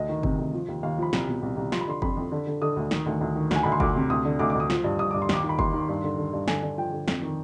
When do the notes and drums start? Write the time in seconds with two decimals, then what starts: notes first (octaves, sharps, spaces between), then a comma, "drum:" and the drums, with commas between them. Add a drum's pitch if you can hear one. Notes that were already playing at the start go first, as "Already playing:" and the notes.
Already playing: D2 D#5
0.09 D#3
0.23 C3, drum: kick F#1
0.38 D2
0.53 F3
0.68 D#2
0.83 D#2 F5
0.98 F3 B5
1.13 C2, drum: snare
1.28 B2
1.42 C2
1.57 C2
1.72 F3 C6, drum: snare
1.81 B5
1.87 D3 C6
2.02 F2 B5, drum: kick F#1
2.17 F2
2.32 D3
2.47 D3
2.62 D3 D#6
2.77 D2
2.91 D#3, drum: snare
3.06 D2
3.21 D2
3.36 D#3
3.51 D2 G#5, drum: snare
3.63 D2 B5
3.72 C6
3.80 D2 D6, drum: kick F#1
3.95 C3
4.10 D2 D#6
4.25 D3
4.39 D2 D6
4.50 D6
4.55 D2 D#6
4.70 F3, drum: snare
4.84 G2
4.99 G2 D#6
5.11 G2 D6
5.22 C6
5.29 D#2 D6, drum: snare
5.44 D#3
5.49 B5
5.59 D#2 C6, drum: kick F#1
5.74 D#3
5.89 G2
6.04 D3
6.18 D3
6.33 G2
6.48 D3 G#5, drum: snare
6.63 D3
6.78 F3 G5
6.93 D3
7.08 F2, drum: snare
7.22 D#3